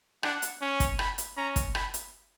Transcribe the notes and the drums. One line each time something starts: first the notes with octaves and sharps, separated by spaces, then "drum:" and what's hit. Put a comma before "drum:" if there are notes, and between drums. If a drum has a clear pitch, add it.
D4 F#5, drum: rim click
drum: hi-hat
C#4
drum: kick, hi-hat
B5, drum: rim click
drum: hi-hat
C#4 A#5
drum: kick, hi-hat
B5, drum: rim click
drum: hi-hat